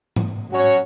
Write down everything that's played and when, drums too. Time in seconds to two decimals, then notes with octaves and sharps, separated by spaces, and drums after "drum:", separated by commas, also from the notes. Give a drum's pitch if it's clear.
0.16 drum: tom G#2
0.50 F#3 C#4 F#4 C#5